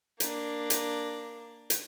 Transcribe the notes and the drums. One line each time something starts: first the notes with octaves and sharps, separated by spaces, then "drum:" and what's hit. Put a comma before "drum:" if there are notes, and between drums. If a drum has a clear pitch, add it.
A#3 D4, drum: hi-hat
drum: hi-hat
drum: hi-hat